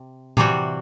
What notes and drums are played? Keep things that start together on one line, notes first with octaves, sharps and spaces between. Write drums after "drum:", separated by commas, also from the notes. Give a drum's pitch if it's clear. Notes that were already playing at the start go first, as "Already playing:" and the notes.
Already playing: C3
C3 E3 G3 C4 F#4, drum: tom A2